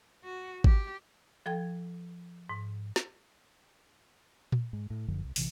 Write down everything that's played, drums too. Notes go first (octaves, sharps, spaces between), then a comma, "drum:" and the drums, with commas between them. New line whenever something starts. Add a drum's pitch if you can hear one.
F#4
G4, drum: kick
F3 A4 G5 G#6
G#2
drum: snare
drum: tom A#2
G#2
A2
F#1 F#2 D3 F3
C2
A1 C3 E3, drum: open hi-hat